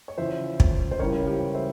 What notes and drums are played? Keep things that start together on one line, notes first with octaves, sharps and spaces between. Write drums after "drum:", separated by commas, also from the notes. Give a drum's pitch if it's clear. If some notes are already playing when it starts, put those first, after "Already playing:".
C#5
E2 C#3 F3 C5 E5
drum: kick
C5
C#2 C#3 E3 G3 A#4 C#5
G4 A#4
C5 E5